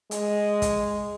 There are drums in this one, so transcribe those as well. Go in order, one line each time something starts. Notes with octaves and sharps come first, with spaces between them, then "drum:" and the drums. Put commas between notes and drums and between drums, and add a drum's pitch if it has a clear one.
G#3, drum: hi-hat
drum: kick, hi-hat